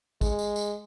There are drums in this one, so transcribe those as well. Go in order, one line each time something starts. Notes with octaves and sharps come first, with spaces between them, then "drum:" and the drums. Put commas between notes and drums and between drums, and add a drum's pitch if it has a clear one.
G#3, drum: kick, tambourine
drum: tambourine
drum: tambourine